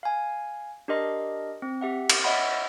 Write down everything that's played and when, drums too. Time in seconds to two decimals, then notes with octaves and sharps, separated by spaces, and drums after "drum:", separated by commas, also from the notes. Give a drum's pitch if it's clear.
0.03 F5 G#5
0.88 D4 G4 A#4 D#5 C6
1.62 C4
1.81 G4 E5 F#5
2.10 drum: cymbal
2.24 C#5 D#5 E5 F#5 B5 C6